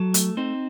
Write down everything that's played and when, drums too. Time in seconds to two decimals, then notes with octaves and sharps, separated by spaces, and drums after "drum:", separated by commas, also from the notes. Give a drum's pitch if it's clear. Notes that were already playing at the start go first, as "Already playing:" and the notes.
Already playing: F#3 A4
0.14 A3, drum: hi-hat
0.37 C4 D#4 C5